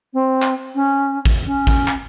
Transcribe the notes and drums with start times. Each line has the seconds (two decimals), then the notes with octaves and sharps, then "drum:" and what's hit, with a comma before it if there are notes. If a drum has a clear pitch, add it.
0.13 C4
0.42 drum: clap
0.75 C#4
1.25 drum: kick, hi-hat
1.46 C#4
1.67 drum: kick, hi-hat
1.88 drum: clap